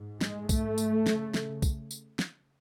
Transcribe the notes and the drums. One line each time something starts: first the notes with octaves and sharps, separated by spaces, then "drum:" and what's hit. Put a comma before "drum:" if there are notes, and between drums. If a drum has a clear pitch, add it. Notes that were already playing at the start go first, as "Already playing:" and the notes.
Already playing: G#2
G#3, drum: snare
G#2 A3, drum: kick, tambourine
drum: tambourine
C#3, drum: snare
drum: snare
drum: kick, tambourine
drum: tambourine
drum: snare